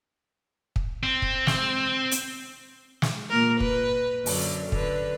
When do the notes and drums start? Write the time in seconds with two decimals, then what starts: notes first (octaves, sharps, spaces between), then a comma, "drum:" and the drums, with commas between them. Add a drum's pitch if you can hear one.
0.76 drum: kick
1.03 C4
1.22 drum: kick
1.47 drum: snare
2.11 drum: hi-hat
3.02 drum: snare
3.30 A#2 A#3 A#4
3.60 B4, drum: kick
4.26 F#2 D3, drum: open hi-hat
4.72 D3 B4, drum: kick